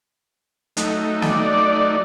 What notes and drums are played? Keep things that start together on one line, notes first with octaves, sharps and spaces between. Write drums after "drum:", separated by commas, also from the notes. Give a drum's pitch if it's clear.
F#3 A3 D#4, drum: hi-hat
D5, drum: snare